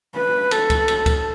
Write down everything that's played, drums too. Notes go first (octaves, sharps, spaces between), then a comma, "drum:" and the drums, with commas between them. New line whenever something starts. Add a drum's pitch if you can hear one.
B4
A4, drum: cymbal
drum: kick C#2, cymbal
drum: cymbal
drum: kick C#2, cymbal